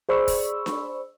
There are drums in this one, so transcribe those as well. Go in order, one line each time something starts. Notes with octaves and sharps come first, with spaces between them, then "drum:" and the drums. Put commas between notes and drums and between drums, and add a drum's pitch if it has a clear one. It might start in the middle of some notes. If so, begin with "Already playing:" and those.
G#4 C5 D5 B5 C#6 E6
drum: kick, open hi-hat
drum: snare D4